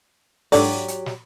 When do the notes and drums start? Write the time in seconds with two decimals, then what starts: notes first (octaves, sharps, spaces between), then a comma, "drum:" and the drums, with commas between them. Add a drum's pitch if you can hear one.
0.52 G#2 F#3 D4 G4 A4 D5, drum: open hi-hat
0.88 drum: hi-hat
1.06 drum: snare